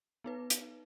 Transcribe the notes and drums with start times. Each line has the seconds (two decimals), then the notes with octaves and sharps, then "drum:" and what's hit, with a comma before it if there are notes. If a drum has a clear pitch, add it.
0.24 B3 D#4 B4
0.50 drum: hi-hat